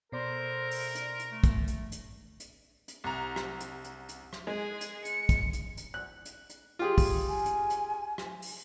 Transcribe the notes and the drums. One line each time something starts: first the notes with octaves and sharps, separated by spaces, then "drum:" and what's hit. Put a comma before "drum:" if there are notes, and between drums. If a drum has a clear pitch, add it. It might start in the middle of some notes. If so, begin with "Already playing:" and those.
B2 A4 A#4 C5 D5 C6
drum: open hi-hat
drum: hi-hat
drum: hi-hat
A3
drum: kick, hi-hat
drum: hi-hat
drum: hi-hat
drum: hi-hat
drum: hi-hat
C2 A#5
drum: rim click
drum: hi-hat
drum: hi-hat
drum: hi-hat
drum: rim click
G#3 G#4
drum: hi-hat
C#7, drum: hi-hat
drum: kick, hi-hat
drum: hi-hat
drum: hi-hat
F#6
drum: hi-hat
drum: hi-hat
F4 G4 G#4
drum: kick, open hi-hat
G#5
drum: hi-hat
drum: hi-hat
drum: rim click
drum: open hi-hat